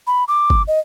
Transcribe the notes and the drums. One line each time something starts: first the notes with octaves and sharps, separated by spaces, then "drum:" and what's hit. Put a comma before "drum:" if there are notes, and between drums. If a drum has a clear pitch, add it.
B5
D6
drum: kick G1
D#5